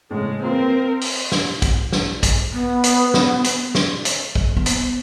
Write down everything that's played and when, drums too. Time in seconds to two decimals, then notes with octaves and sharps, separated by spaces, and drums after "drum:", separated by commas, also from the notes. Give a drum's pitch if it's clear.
0.11 A2 C#3 G#3
0.43 A#3 C4 F4 A#4 B4
1.01 drum: open hi-hat
1.32 drum: snare
1.62 drum: kick, hi-hat
1.92 drum: snare
2.23 drum: kick, hi-hat
2.53 B3
2.84 drum: hi-hat
3.14 drum: snare
3.44 drum: hi-hat
3.75 drum: snare
4.05 drum: hi-hat
4.35 drum: kick
4.57 B3
4.66 drum: hi-hat